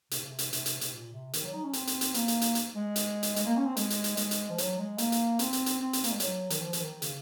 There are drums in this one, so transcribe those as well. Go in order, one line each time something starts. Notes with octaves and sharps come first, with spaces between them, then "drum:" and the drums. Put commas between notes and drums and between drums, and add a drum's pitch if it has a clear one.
C3, drum: hi-hat
C#3
C3
drum: hi-hat
C3, drum: hi-hat
drum: hi-hat
C3, drum: hi-hat
A#2
C3
D#3, drum: hi-hat
F#3
D#4
C#4
C4, drum: hi-hat
drum: hi-hat
drum: hi-hat
A#3, drum: hi-hat
drum: hi-hat
drum: hi-hat
drum: hi-hat
G#3
drum: hi-hat
drum: hi-hat
G#3, drum: hi-hat
A#3
C#4
C4
G#3, drum: hi-hat
drum: hi-hat
drum: hi-hat
G#3, drum: hi-hat
drum: hi-hat
F3
F#3, drum: hi-hat
G#3
A#3, drum: hi-hat
drum: hi-hat
C4, drum: hi-hat
drum: hi-hat
drum: hi-hat
C4
drum: hi-hat
A#3, drum: hi-hat
G#3
F#3, drum: hi-hat
D#3, drum: hi-hat
F3
F3, drum: hi-hat
D#3
C#3, drum: hi-hat